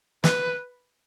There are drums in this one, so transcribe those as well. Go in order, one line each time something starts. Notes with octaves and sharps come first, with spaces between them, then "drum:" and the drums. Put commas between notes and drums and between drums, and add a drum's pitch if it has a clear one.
B4, drum: snare